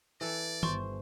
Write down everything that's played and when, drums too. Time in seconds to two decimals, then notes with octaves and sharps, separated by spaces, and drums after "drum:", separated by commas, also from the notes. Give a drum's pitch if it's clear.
0.21 E3 A4 D5
0.63 G1 C5 C6 C#6, drum: tom D#3